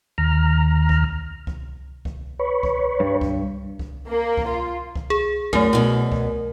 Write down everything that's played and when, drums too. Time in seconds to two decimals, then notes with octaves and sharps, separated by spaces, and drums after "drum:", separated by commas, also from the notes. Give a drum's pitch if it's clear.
0.18 D#2 A#5 F6
0.89 drum: kick C2
1.47 drum: kick C2
2.05 drum: kick C2
2.39 B4 C#5
2.63 drum: kick C2
3.00 G2
3.21 drum: kick C2
3.79 drum: kick C2
4.09 A#3
4.37 drum: kick C2
4.49 F4
4.96 drum: kick C2
5.10 G#4
5.53 F#2 A3 A#4, drum: kick C2
5.73 F#2 B2
6.12 drum: kick C2